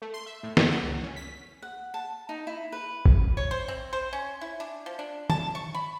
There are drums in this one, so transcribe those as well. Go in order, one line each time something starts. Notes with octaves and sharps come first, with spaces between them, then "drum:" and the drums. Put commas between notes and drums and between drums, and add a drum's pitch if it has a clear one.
A3
C6
E5
A2
G2, drum: snare
F#5
C#2
C#4
B6
F#5
A5
D#4
E4
B4
drum: kick A1
C#5
C5
C4
C5
C#4
E4
D4
F3
D4
A5, drum: tom D#3
C#6
B5